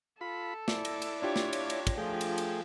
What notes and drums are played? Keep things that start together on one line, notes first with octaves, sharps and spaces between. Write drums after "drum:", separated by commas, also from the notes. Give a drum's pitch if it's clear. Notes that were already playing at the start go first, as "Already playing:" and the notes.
F4 A4 B5
E4 D5, drum: snare
drum: cymbal
drum: cymbal
D4 F4 G4 C#5
drum: snare
drum: cymbal
drum: cymbal
drum: kick, cymbal
F3 A3 G#4 G5
drum: cymbal
drum: cymbal